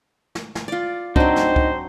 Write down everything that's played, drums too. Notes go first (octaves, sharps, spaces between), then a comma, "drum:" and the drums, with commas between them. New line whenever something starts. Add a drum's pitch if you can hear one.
drum: snare
drum: snare
F4 D5
F#3 C4 D4 D#4 C5, drum: kick C2
drum: snare
drum: kick C2